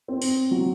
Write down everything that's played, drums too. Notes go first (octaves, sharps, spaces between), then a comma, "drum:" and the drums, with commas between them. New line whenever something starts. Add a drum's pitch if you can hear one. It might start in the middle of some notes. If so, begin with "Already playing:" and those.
C4
drum: open hi-hat
F#3